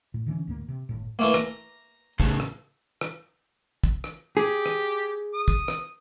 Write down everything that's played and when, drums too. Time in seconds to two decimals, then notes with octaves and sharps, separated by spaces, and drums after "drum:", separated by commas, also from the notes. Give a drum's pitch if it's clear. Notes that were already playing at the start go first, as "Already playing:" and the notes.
0.14 A2
0.26 D3 E3 A3 C#4
0.47 D2 G#2 A#3
0.68 C3
0.89 G1 C#2 A2
1.19 E3 A3 A#3
1.34 A#5, drum: rim click
2.20 A2 C#3, drum: kick
2.40 drum: rim click
3.01 drum: rim click
3.84 drum: kick
4.04 drum: rim click
4.37 G4 G#4
4.66 drum: rim click
5.34 D#6
5.48 drum: kick
5.68 drum: rim click